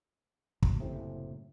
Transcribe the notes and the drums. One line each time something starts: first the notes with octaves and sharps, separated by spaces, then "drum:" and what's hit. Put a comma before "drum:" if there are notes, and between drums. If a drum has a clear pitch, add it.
F#1 D2, drum: kick
F#1 B1 A2 C3